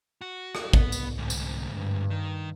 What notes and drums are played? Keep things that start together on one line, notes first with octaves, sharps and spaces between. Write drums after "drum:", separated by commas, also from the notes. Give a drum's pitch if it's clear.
F#4
drum: rim click
C2 B3, drum: kick
drum: tambourine
D2 G#2
drum: tambourine
G2
D#3